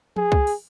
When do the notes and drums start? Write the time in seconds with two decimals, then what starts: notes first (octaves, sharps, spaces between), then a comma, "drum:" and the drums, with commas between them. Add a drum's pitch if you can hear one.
0.16 G#4, drum: tom F3
0.32 drum: kick C2
0.47 drum: open hi-hat